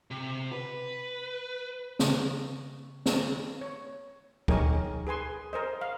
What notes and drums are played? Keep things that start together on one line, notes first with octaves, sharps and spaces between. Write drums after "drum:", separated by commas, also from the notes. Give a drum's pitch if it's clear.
C3
B4
C#3, drum: snare
drum: snare
C#5
D#4 G4 G#4 A#4 C#5 G#5, drum: kick D2
G#4 B4 G#5 C6
A#4 C5 D#5
F5